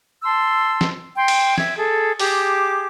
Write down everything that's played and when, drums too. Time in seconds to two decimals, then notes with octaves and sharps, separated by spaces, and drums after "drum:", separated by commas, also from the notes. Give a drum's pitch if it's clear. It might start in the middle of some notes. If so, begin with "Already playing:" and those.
0.24 A5 C6 E6
0.81 drum: snare
1.16 G5 C6
1.28 drum: cymbal
1.58 E5 G#6, drum: snare
1.77 G#4 A4
2.20 G4 G#4 A5 D6, drum: open hi-hat